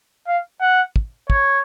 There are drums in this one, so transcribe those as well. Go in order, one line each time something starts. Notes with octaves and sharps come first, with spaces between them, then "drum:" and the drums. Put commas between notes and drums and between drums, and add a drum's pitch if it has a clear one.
F5
F#5
drum: kick
C#5, drum: kick